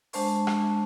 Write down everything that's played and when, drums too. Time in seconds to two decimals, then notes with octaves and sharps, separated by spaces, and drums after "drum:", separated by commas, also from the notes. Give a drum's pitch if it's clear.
0.13 G#3 D4 C5 A5 C#6, drum: open hi-hat
0.47 drum: rim click